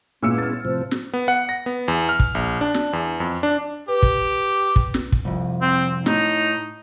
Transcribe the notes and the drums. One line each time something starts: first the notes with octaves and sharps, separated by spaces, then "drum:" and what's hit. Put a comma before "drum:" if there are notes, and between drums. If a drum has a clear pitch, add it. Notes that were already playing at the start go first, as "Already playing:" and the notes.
A#2 G#3 B3 C#4 E4 E6 C#7
F6 A6
A2 C3 F3 C5
drum: snare
B3
F#5
A#6
B3
E2
F6
drum: kick
A#1
D4
drum: snare
E2
F2
D4
G4 B4
drum: kick
drum: kick
drum: snare
drum: kick
C2 F2
C4
A2 D#4, drum: snare